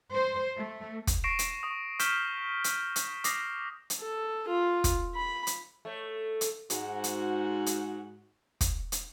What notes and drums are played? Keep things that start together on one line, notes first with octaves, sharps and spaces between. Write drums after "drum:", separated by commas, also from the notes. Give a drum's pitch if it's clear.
C5
A3
drum: kick, hi-hat
C#6 A#6 C7 D7 E7
drum: hi-hat
C#6 D#6
C#6 F6 G6 B6 E7 G7, drum: hi-hat
drum: hi-hat
drum: hi-hat
D6 D#6 A#6 C7, drum: hi-hat
drum: hi-hat
A4
F4
drum: kick, hi-hat
B5
drum: hi-hat
A3 C#5
drum: hi-hat
G#2 F#4, drum: hi-hat
drum: hi-hat
drum: hi-hat
drum: kick, hi-hat
drum: hi-hat